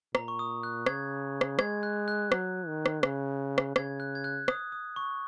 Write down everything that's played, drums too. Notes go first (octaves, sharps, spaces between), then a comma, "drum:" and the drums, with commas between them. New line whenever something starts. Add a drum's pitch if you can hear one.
A#2 A#5, drum: rim click
C#6
D#6
F#6
C#3 G#6, drum: rim click
drum: rim click
G#3 G#6, drum: rim click
F#6
F#6
F#3, drum: rim click
D#3
drum: rim click
C#3, drum: rim click
drum: rim click
C#3 G#6, drum: rim click
F#6
G#6
F#6
D#6, drum: rim click
D#6
C#6